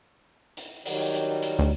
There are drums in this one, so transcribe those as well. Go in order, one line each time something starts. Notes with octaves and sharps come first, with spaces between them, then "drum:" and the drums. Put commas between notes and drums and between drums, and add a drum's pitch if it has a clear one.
drum: hi-hat
D#3 F#3 G3, drum: open hi-hat
drum: hi-hat
drum: hi-hat
D2